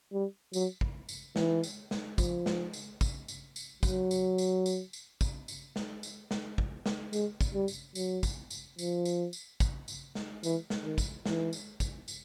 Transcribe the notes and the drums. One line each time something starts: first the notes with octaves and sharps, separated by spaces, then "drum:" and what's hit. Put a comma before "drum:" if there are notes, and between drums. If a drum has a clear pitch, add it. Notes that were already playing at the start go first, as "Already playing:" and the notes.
G3
F#3, drum: tambourine
drum: kick
drum: tambourine
E3, drum: snare
drum: tambourine
drum: snare
F3, drum: kick, tambourine
drum: snare
drum: tambourine
drum: kick, tambourine
drum: tambourine
drum: tambourine
F#3, drum: kick, tambourine
drum: tambourine
drum: tambourine
drum: tambourine
drum: tambourine
drum: kick, tambourine
drum: tambourine
drum: snare
drum: tambourine
drum: snare
drum: kick
drum: snare
G#3, drum: tambourine
drum: kick, tambourine
G3
drum: tambourine
F#3, drum: tambourine
drum: kick, tambourine
drum: tambourine
F3, drum: tambourine
drum: tambourine
drum: tambourine
drum: kick, tambourine
drum: tambourine
drum: snare
E3, drum: tambourine
drum: snare
D#3
drum: kick, tambourine
E3, drum: snare
drum: tambourine
drum: kick, tambourine
drum: tambourine